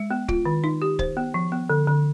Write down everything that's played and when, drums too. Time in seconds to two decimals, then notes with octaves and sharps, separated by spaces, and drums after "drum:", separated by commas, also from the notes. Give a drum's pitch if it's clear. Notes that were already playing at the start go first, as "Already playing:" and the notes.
Already playing: G#3
0.11 B3
0.29 F4, drum: kick C#1
0.45 D#3
0.64 D#4
0.82 G4
0.99 C5, drum: kick C#1
1.17 B3
1.34 F3
1.52 B3
1.70 D3
1.87 D3